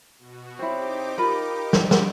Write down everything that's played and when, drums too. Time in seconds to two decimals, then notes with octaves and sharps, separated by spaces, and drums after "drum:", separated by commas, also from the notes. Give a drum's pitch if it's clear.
0.18 B2 F#4
0.59 C4 D#4 E4 G4 C#5 D6
1.18 F4 A#4 B5
1.73 drum: snare
1.91 drum: snare